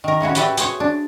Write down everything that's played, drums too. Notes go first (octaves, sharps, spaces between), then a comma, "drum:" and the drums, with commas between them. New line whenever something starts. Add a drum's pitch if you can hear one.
D#3 A#4
A2 C#3 C#4 F#4
F#4 G4 B4 D5 E5, drum: hi-hat
G#4 C5 C#5, drum: hi-hat
D4